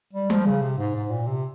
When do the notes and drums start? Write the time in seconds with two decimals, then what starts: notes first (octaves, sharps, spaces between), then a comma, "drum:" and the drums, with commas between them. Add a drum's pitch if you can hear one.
0.13 G3
0.30 F3, drum: tom G3
0.46 C#3
0.62 C3
0.78 G#2
0.95 G#2
1.11 A#2
1.27 C3